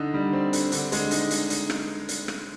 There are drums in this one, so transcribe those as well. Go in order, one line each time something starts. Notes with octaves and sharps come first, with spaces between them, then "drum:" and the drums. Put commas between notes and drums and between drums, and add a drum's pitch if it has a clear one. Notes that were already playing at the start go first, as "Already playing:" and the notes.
Already playing: D3 D#4
G3
C4
D3, drum: hi-hat
D3, drum: hi-hat
G#3, drum: hi-hat
D#4, drum: hi-hat
drum: hi-hat
drum: hi-hat
drum: rim click
drum: hi-hat
drum: rim click